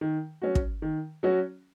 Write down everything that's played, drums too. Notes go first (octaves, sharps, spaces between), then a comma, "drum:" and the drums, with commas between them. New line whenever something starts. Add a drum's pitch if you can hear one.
D#3
F#3 C#4 F#4
drum: kick
D#3
F#3 C#4 F#4